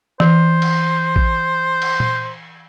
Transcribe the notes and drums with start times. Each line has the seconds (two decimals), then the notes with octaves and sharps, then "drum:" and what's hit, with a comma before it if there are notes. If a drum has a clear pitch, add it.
0.20 E3 C5, drum: snare
0.62 drum: cymbal
1.16 drum: kick A#1
1.82 drum: cymbal
2.00 drum: tom A#2